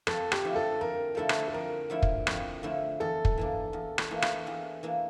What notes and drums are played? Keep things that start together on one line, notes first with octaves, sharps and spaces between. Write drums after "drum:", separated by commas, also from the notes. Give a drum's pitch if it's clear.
F2 A4, drum: rim click
G4, drum: rim click
D3 F3 A3 E4
A4
F2 A#4
D3 F3 A3 E4 A4
drum: rim click
A4
F2 A#4
D3 F3 A3 E4
drum: kick
F2, drum: rim click
D3 F3 A3 E4
E2 A4
drum: kick
E3 A#3 D4
E2
drum: rim click
E3 A#3 D4
drum: rim click
E2
E3 A#3 D4